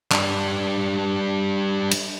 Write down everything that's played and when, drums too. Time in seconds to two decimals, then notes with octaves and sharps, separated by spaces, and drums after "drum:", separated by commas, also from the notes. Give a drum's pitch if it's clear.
0.12 G3 D4, drum: clap
1.91 drum: cymbal